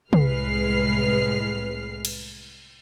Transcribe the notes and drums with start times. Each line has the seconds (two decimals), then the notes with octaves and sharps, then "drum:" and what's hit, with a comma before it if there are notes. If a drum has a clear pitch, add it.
0.13 C2 A2 G#3 B4 F6 C7, drum: tom
2.05 drum: cymbal